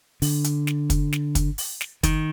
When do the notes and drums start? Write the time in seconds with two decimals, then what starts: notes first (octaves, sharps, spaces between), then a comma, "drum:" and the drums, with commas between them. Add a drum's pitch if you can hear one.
0.22 D3, drum: open hi-hat
0.44 drum: hi-hat
0.67 drum: snare
0.90 drum: kick, hi-hat
1.13 drum: snare
1.35 drum: kick, hi-hat
1.58 drum: open hi-hat
1.81 drum: snare
2.03 D#3, drum: kick, hi-hat